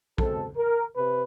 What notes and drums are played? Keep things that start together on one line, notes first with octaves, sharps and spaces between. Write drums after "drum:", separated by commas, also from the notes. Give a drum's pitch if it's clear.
B2 G#3 C4 A4, drum: kick
A#4
C3 B4